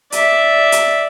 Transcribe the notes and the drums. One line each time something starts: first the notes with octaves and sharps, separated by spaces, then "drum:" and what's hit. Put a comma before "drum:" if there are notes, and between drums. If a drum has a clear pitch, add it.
D5 E5, drum: hi-hat
drum: hi-hat